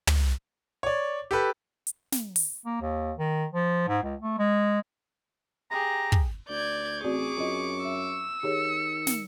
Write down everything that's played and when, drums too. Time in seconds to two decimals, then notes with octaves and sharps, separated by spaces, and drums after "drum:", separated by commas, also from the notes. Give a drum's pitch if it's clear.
0.07 drum: tom
0.83 C#5 D5
1.31 G4 A4 B4
1.87 drum: hi-hat
2.12 drum: snare
2.36 drum: open hi-hat
2.65 A#3
2.81 D#2
3.18 D#3
3.52 F3
3.88 G#2
4.03 C#2
4.21 A3
4.38 G#3
5.71 G4 G#4 A#5
6.12 drum: kick
6.49 D2 D5 G6 G#6
7.04 A1 C4 F#4 G#4 D5 C#6 D6
7.37 F#2 F4 F#4 D#5
7.85 E5 E6
8.43 D#3 G4 G#4 C#5 C#7
9.07 drum: snare